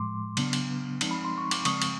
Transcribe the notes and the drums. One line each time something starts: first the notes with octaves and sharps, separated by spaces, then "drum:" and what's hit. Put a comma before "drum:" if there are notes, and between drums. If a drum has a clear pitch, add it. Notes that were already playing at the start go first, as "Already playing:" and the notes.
Already playing: A2 F3 G#3 C6 D6
C#3 F#3 B3 D4, drum: cymbal
drum: cymbal
F3 G#3 C4 D#4, drum: cymbal
B5
C6
C#6
D6, drum: cymbal
C#3 F3 G#3 C4 C#6 D#6, drum: cymbal
drum: cymbal